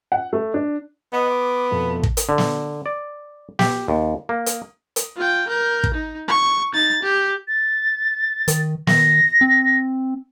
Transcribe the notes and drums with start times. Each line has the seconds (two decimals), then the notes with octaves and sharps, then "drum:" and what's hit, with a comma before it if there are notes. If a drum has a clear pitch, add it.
0.12 F#5
0.33 A3
0.54 D4
1.13 B3 D#5 F#5
1.30 D6
1.71 F2 B2 A3
2.03 drum: kick
2.17 drum: hi-hat
2.29 D3
2.38 drum: snare
2.86 D5
3.59 G4, drum: snare
3.88 D#2
4.29 A#3
4.46 drum: hi-hat
4.96 drum: hi-hat
5.17 F4 G5
5.48 A#4 G6
5.84 drum: kick
5.94 D#4
6.28 C#6
6.73 D#4 A6
7.03 G4
7.48 A6
8.48 D#3, drum: hi-hat
8.87 D#3 A#6, drum: snare
9.41 C4